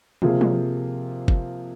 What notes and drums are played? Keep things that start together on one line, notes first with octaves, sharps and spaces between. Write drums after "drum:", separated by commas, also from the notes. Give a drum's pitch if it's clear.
C3 F3 A#3 F4 G#4, drum: tom
drum: tom
drum: kick